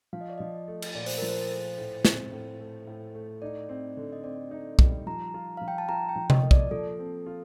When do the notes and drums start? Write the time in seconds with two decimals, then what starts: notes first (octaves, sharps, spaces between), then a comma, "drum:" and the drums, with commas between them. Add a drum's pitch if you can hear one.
0.13 F3 F5
0.21 D#5
0.30 D5
0.38 F3 D#5
0.68 A3
0.82 drum: cymbal
0.95 A#2 D5
1.06 C5, drum: open hi-hat
1.18 F3 A#4
1.29 C5
1.50 A3
1.78 A2
2.05 C4, drum: snare
2.32 A2
2.60 A3
2.87 A2
3.14 A3
3.42 D#4 D5
3.69 C4
3.97 D3
4.13 D#5
4.24 C4 D5
4.51 D#4
4.79 G3, drum: kick
5.07 F3 A#5
5.34 F4
5.57 F3 F5
5.68 G5
5.78 A5
5.89 F4 A#5
6.09 G5
6.16 F3
6.30 D#5, drum: tom C3
6.43 A#3
6.51 D5, drum: kick
6.71 F3 A4
6.99 C4
7.26 F4